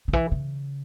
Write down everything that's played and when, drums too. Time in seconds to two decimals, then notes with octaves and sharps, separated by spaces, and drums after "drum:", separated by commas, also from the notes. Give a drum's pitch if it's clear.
0.08 C#3
0.13 E3, drum: kick
0.32 C#3